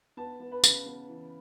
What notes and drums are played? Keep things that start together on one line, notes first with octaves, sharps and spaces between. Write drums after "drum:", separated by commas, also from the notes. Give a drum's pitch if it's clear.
B3 A5
B3
B4
C#3, drum: tambourine
B3
E3